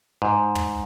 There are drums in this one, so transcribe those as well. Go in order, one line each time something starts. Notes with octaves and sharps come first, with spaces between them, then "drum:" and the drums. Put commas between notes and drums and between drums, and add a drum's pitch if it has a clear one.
G#2
drum: tom